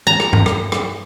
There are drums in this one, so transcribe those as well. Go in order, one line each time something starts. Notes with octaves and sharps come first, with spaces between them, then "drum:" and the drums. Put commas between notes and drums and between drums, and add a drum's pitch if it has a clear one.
A#5
drum: rim click
drum: tom G2
drum: rim click
drum: rim click